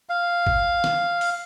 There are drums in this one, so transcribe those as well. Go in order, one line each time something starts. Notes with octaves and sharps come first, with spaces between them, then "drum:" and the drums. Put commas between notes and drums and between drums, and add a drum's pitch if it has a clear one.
F5
drum: kick G#1
drum: snare
drum: open hi-hat